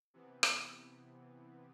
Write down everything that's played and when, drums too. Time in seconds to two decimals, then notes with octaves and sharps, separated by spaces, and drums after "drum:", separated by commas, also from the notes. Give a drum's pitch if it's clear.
0.14 C3 E3 B3
0.43 drum: rim click